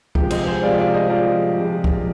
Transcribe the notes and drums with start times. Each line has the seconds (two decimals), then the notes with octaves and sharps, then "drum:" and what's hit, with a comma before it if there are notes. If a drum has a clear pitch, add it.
0.15 C3 F3 G#3 G4, drum: kick
0.31 C5 D#5, drum: cymbal
0.47 G#4 C5
0.62 C3 F3 G#3 D5 F5
0.78 D5 F5
0.94 C5 D#5
1.10 C3 F3 G#3 D5 F5
1.58 C3 F3 G#3
1.84 drum: kick